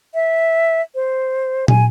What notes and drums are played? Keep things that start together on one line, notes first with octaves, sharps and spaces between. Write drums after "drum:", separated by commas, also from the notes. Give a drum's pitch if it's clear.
E5
C5
G#5, drum: tom